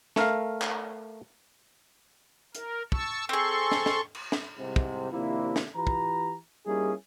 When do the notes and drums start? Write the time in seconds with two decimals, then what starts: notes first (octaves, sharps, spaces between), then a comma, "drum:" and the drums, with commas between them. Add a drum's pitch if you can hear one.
0.16 A3 A#4 F5, drum: snare
0.61 drum: clap
2.55 A#4, drum: hi-hat
2.92 A5 C#6 E6, drum: kick
3.29 C4 G#4 A4 C6 C#6
3.72 drum: snare
3.86 drum: snare
4.14 drum: cymbal
4.32 drum: snare
4.59 C2 G#2 C3
4.76 drum: kick
5.12 D#2 C3 F3 A#3 D4 E4
5.56 drum: snare
5.76 E3 F4 G4 B4 A#5
5.87 drum: kick
6.66 G3 A#3 C#4 D#4 E4 G#4